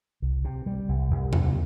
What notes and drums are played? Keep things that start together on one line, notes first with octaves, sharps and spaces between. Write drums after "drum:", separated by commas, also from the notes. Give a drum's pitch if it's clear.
C2
C3
G3
C2
C2
C3, drum: tom E2